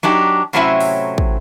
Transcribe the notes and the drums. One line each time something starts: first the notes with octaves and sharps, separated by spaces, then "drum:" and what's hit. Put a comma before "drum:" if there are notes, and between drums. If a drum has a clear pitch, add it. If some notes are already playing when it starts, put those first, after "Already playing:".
F#3 D4 D#4 G4
A2 C3 F#3 C4 C#4 E4
drum: open hi-hat
drum: kick